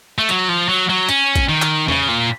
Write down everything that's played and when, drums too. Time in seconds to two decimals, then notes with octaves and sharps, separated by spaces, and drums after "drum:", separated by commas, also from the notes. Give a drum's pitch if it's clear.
0.18 A3
0.29 F#3, drum: hi-hat
0.49 F3
0.69 F#3
0.89 F#3
1.09 C#4, drum: hi-hat
1.36 drum: kick A1, hi-hat
1.49 D#3
1.62 drum: clap
1.88 C#3, drum: tom E2
2.08 A#2